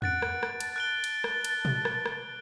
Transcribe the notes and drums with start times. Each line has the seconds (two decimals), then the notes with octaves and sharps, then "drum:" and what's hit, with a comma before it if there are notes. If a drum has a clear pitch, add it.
0.02 F#5 F#6 A6 D7, drum: tom E2
0.22 drum: rim click
0.43 drum: rim click
0.60 A5, drum: cymbal
0.76 F#6 D7 G7
1.04 drum: cymbal
1.24 drum: rim click
1.44 drum: cymbal
1.65 drum: tom A#2
1.85 drum: rim click
2.06 drum: rim click